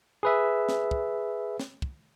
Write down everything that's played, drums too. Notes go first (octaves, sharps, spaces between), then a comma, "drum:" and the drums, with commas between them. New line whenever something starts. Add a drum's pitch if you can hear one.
G#4 B4 E5
drum: snare
drum: kick
drum: snare
drum: kick